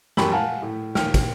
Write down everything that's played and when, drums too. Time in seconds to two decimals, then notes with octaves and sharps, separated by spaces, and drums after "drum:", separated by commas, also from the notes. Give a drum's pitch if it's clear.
0.17 E1 F#2 G4 B5 C#6 F#7, drum: snare
0.32 F5 F#5 G#5 A5 F6
0.62 A2
0.95 D#2 G5 F6, drum: snare
1.14 drum: kick, cymbal